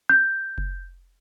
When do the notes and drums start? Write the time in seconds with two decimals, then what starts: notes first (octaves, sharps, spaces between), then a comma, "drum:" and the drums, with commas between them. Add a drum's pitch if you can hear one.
0.09 G6
0.58 drum: kick F#1